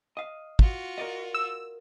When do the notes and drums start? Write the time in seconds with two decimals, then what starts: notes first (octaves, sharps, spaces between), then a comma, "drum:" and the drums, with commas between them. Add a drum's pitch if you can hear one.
0.17 D#5 F5
0.59 F4 F#4, drum: kick
0.98 A#4 D5 D#5
1.34 E6